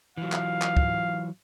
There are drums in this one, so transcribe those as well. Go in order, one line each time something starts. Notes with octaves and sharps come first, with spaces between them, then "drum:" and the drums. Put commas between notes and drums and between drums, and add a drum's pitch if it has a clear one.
E3 F#3 F5
drum: clap
drum: clap
drum: kick